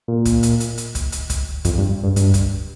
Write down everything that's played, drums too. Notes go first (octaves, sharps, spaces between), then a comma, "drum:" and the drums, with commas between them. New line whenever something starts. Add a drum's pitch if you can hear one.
A#2
drum: kick, hi-hat
drum: hi-hat
drum: hi-hat
drum: hi-hat
drum: kick, hi-hat
drum: hi-hat
drum: kick, hi-hat
F2, drum: kick, hi-hat
G2
G2
G2, drum: hi-hat
drum: kick, hi-hat